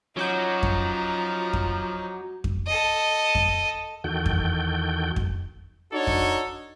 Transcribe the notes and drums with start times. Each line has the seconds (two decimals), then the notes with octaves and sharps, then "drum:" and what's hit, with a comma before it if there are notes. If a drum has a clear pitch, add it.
0.17 F3 F#3 C#4 D#4 D6 G6
0.63 drum: kick F2
1.53 drum: kick F2
2.44 drum: kick F2
2.67 A4 D#5
3.35 drum: kick F2
4.04 E2 D#3 F#4 A4 G5 G6
4.26 drum: kick F2
5.16 drum: kick F2
5.92 D4 D#4 F#4 A4 C#5
6.07 drum: kick F2